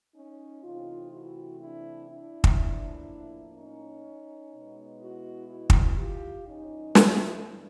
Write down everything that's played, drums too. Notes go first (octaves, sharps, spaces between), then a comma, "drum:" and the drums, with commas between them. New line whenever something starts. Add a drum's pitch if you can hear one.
C#4 D#4
C3 E3 A3 C4 D#4 F4
E4 F#4
D4 E4
D4 E4
drum: kick
A2 F3 A#3
C#4 D#4
B2 G#3 B3
E4 F#4
E4 F#4
drum: kick
F4 G4
G2 E3 G3 C#4 D#4
D4 E4, drum: snare